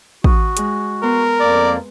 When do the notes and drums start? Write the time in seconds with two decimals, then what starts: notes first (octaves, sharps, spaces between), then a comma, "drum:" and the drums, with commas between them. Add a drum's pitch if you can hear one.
0.24 F#4 D#6, drum: kick
0.57 G#3 G#4, drum: hi-hat
1.03 B3 A#4 C6
1.40 F2 A#3 D5